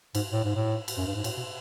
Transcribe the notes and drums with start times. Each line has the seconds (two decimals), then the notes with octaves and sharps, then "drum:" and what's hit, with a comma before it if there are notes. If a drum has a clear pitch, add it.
0.15 G#2, drum: cymbal
0.32 A2
0.44 G#2
0.55 A2
0.88 drum: cymbal
0.97 F#2
1.06 G2
1.16 G#2
1.24 A2, drum: cymbal
1.37 B2